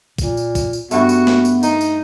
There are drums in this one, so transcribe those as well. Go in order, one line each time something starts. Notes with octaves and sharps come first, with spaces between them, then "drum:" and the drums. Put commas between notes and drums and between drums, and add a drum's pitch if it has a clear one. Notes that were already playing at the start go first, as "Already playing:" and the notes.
A#2, drum: kick, tambourine
drum: tambourine
drum: kick, tambourine
drum: tambourine
G2 A3 B3 F#4, drum: tambourine
drum: tambourine
drum: snare
drum: tambourine
D#4, drum: tambourine
drum: tambourine